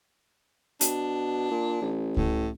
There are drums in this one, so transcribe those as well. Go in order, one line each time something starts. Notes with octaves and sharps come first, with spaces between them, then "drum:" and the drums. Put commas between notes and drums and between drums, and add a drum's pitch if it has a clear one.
B2 D4, drum: hi-hat
A#2
A1
A2, drum: kick C#2